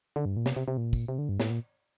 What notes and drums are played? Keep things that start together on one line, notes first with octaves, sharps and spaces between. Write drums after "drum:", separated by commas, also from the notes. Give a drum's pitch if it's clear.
D3
G2
A#2
C3, drum: snare
C3
C3
A#2
drum: kick, tambourine
C3
D3
G2
A2, drum: snare
A#2